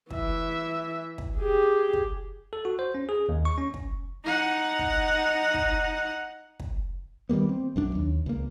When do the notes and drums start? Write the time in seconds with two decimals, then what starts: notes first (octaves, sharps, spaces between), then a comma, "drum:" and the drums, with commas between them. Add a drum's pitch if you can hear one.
0.10 E3 E5, drum: kick
1.18 drum: kick
1.37 G4 G#4
1.93 drum: kick
2.53 A4
2.65 F#4
2.79 C5
2.95 C#4
3.09 G#4
3.29 D#2
3.45 C#6
3.58 C#4
3.74 drum: kick
4.24 D#4 F#5
4.79 drum: kick
5.54 drum: kick
6.59 drum: kick
7.29 D#3 G3 A#3 B3
7.49 C4
7.76 B1 F#2 D4
7.95 D#2
8.26 C#2 A#3